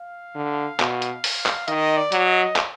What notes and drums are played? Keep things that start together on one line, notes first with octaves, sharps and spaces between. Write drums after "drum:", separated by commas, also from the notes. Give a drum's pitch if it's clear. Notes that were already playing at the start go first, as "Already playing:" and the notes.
Already playing: F5
D3
B2, drum: clap
drum: hi-hat
drum: open hi-hat
drum: clap
D#3 D#5, drum: hi-hat
D5
F#3, drum: hi-hat
D#5
drum: clap